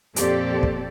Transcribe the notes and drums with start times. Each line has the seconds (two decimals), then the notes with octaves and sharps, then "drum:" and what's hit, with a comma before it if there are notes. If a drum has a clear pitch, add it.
0.16 F2 A#2 C4 G4 A4 D5, drum: hi-hat
0.63 drum: kick